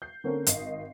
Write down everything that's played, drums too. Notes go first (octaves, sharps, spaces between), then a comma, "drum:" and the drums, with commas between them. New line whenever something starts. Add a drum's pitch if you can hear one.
G6 C7
D3 A#3 C4 C#4 A4 A#4
G#1 D#5 C7, drum: hi-hat